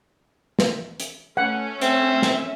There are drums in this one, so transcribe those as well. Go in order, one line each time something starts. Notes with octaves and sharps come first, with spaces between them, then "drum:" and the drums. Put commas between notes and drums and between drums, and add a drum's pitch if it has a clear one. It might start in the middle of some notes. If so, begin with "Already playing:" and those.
drum: snare
drum: hi-hat
A3 C#4 F#5
C4 E5, drum: hi-hat
drum: snare